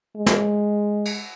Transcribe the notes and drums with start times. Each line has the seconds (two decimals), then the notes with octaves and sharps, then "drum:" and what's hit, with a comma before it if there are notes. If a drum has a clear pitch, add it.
0.17 G#3
0.26 drum: snare
1.05 drum: cymbal